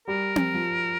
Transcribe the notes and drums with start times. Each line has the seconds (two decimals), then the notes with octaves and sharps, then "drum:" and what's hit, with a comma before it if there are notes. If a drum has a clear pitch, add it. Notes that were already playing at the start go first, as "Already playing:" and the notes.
0.08 G3 A#4
0.36 drum: tom C4
0.54 F3